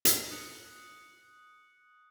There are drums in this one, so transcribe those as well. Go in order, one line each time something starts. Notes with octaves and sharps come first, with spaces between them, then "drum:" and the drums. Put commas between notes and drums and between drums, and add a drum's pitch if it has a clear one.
drum: hi-hat
D#6 F#6 C#7